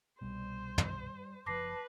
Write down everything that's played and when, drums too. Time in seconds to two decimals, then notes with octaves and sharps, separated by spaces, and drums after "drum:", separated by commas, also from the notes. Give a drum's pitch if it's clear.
0.21 C2 B2 G3 C5
0.78 drum: tom
1.46 F#1 B2 F3 B4 A5 D6 A#6 C7